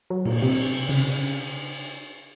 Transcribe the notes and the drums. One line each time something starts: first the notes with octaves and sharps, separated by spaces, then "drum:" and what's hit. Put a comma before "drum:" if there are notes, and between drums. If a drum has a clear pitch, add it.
F#3
A#2, drum: cymbal
C3
C#3, drum: open hi-hat